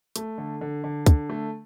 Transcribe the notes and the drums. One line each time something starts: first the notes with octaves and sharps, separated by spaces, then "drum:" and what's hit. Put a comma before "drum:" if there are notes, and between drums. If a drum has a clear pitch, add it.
A3, drum: hi-hat
D3
D3
D3
D3, drum: kick, hi-hat
A3